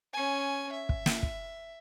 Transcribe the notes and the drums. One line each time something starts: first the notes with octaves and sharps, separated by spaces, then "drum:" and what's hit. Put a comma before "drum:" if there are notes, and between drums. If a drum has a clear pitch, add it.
C#4 G#5
E5
drum: kick
drum: snare
drum: kick